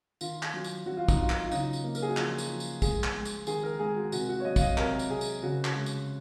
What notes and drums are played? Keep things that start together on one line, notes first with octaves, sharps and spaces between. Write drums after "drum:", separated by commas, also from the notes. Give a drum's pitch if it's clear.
D#3 F4, drum: tambourine
drum: clap
F#3
drum: tambourine
F#3 F#4
F4
D#4, drum: kick, tambourine
F#3 F4
drum: clap
F4
C#3 D#4, drum: tambourine
drum: tambourine
A#3
A#4, drum: tambourine
G#4
F#4
F3 F4, drum: clap
drum: tambourine
F3
drum: tambourine
G#3 G#4, drum: kick, tambourine
drum: clap
G#3
drum: tambourine
D#3 G#4, drum: tambourine
A#4
G#3 G#4
F#4
C3 F#4, drum: tambourine
F#4
C#5
F#3 D#5
F5, drum: kick, tambourine
D#5
C3 A#4, drum: clap
drum: tambourine
C3 G#4
drum: tambourine
C#3 F#4
drum: clap
G#3
drum: tambourine